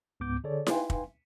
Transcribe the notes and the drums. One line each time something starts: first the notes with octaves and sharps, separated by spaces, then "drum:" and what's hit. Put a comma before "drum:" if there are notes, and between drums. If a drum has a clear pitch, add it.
C#2 G#2 B3 D6 G6
D3 G#4 A4 C#5 D5
D#4 B4 F5 G5 G#5 C6, drum: snare E4
drum: kick